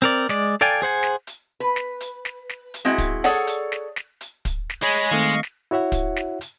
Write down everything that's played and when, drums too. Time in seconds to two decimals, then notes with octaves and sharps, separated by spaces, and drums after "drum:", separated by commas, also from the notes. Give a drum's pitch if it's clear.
0.02 C4 A#4 D5
0.29 G#3 D5, drum: snare
0.61 A4 D5 F5 G5 G#5
0.82 G#4 C5 F#5 G#5
1.03 drum: snare
1.27 drum: hi-hat
1.60 B4
1.76 drum: snare
2.00 drum: hi-hat
2.25 drum: snare
2.49 drum: snare
2.74 drum: hi-hat
2.85 G#3 C4 E4 F#4
2.98 drum: kick, hi-hat
3.24 G#4 A4 C#5 D5 F#5, drum: snare
3.47 drum: hi-hat
3.72 drum: snare
3.96 drum: snare
4.21 drum: hi-hat
4.45 drum: kick, hi-hat
4.70 drum: snare
4.83 G#3 C#5 D#5 B5
4.94 drum: hi-hat
5.11 D#3 A3 C4 D#5 F5 C#6
5.43 drum: snare
5.71 E4 F#4 C#5 E5 F#5
5.92 drum: kick, hi-hat
6.16 drum: snare
6.41 drum: hi-hat